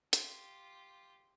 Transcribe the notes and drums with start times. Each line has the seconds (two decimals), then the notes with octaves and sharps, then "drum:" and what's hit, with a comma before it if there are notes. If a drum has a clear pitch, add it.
0.13 F4 G4, drum: hi-hat